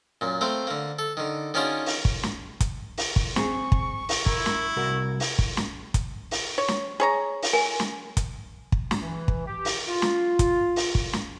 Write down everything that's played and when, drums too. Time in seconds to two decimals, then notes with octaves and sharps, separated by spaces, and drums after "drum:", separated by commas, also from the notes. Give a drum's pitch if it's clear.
0.21 F#2 A#2
0.41 A3 A#3 C4 C5
0.67 D3 A#3
0.99 A4
1.17 D3 D#3
1.54 D#3 C#4 D4 F4 F#4 G#4
1.86 drum: open hi-hat
2.05 drum: kick
2.23 drum: snare
2.60 drum: kick, hi-hat
2.98 drum: open hi-hat
3.16 drum: kick
3.36 C4 G#4 C#6, drum: snare
3.72 drum: kick
4.09 drum: open hi-hat
4.26 E4 A#4, drum: kick
4.46 drum: snare
4.77 C2 F#4 A#4
5.20 drum: open hi-hat
5.39 drum: kick
5.57 drum: snare
5.94 drum: kick, hi-hat
6.31 drum: open hi-hat
6.58 C#5
6.68 drum: snare
7.00 G#4 C#5 A#5
7.43 drum: open hi-hat
7.53 A#4 G#5
7.80 drum: snare
8.17 drum: kick, hi-hat
8.72 drum: kick
8.91 drum: snare
9.02 E3
9.28 drum: kick
9.46 G4
9.65 drum: open hi-hat
9.88 F4
10.02 drum: snare
10.39 drum: kick, hi-hat
10.76 drum: open hi-hat
10.95 drum: kick
11.13 drum: snare